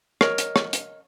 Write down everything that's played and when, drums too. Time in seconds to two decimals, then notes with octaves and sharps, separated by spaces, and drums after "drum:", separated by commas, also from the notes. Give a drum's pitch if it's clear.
0.21 A#4 C#5 D#5, drum: rim click
0.38 drum: hi-hat
0.56 drum: rim click
0.73 drum: hi-hat